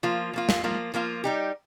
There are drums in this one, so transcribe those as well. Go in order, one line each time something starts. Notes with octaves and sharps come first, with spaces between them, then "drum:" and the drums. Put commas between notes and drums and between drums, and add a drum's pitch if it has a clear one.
F3 A#3 F4
F3 A#3 F4
drum: snare
F3 A#3 F4
F3 A#3 F4
G3 D#4 G4